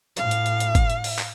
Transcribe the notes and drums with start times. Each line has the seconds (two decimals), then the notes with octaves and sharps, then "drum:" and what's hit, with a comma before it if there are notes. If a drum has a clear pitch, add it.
0.17 A2 F5, drum: hi-hat
0.31 drum: hi-hat
0.46 drum: hi-hat
0.60 drum: hi-hat
0.75 drum: kick, hi-hat
0.90 drum: hi-hat
1.04 drum: open hi-hat
1.19 drum: clap